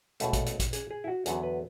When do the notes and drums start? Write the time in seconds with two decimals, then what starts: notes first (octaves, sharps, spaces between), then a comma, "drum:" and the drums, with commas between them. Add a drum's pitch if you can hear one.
0.20 C#2 B2 A3 E5, drum: hi-hat
0.33 drum: kick, hi-hat
0.46 D5, drum: hi-hat
0.60 drum: kick, hi-hat
0.73 G#4, drum: hi-hat
0.90 G#4
1.04 E4
1.08 F#4
1.26 E2 D3 F#3 B3 G#4, drum: hi-hat
1.43 B4